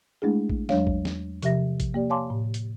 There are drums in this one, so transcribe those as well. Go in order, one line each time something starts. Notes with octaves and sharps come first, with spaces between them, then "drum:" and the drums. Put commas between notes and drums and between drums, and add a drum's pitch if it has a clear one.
G#3 A3 D4 E4 G#4
drum: kick A1
E2 F#3 G#3 D4 C#5 F5, drum: snare
drum: kick A1
drum: snare
C3 F3 G4 E5 A#6, drum: hi-hat
drum: kick A1, hi-hat
A#3 G4 D5
C#5 F5 G#5 A5 C6 D6
A2
drum: hi-hat